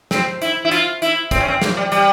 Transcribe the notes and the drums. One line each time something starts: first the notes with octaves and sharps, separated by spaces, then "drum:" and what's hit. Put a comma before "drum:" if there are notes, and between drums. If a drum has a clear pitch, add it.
C4, drum: snare
E4, drum: hi-hat
E4
F4, drum: hi-hat
E4, drum: hi-hat
C4, drum: kick, hi-hat
C#4
C4
A#3, drum: snare
G3
G3, drum: hi-hat